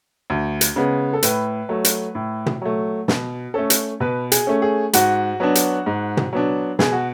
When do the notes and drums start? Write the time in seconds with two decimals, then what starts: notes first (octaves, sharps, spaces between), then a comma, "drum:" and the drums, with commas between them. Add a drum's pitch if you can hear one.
0.30 D2
0.61 drum: hi-hat
0.76 C#3 G#3 B3
1.13 A4
1.23 A2 B4, drum: hi-hat
1.69 F#3 A3
1.85 drum: hi-hat
2.15 A2
2.46 drum: tom
2.62 F#3 A3
3.08 B2, drum: snare
3.54 A3 C#4 A4
3.70 drum: hi-hat
4.00 B2 B4
4.32 G#4, drum: hi-hat
4.47 A3 C#4
4.62 G#4
4.93 G#2 F#4, drum: hi-hat
5.40 F#3 B3 D4
5.55 drum: hi-hat
5.86 G#2
6.17 drum: tom
6.33 F#3 B3 D4
6.79 B2 G#4, drum: snare
6.92 F#4